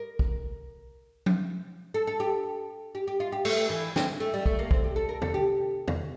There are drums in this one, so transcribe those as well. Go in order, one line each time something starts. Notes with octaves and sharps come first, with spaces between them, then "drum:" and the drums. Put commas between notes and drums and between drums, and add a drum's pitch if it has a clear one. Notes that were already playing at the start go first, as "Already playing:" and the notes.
Already playing: A#4
drum: kick
drum: tom F3
A4
A4
G4
G4
G4
F4
G4
A3, drum: cymbal
E3
C4, drum: snare
A3
G3
A3, drum: kick
A#3
C4, drum: kick
G4
A4
A#4
A4, drum: tom E2
G4
drum: tom E2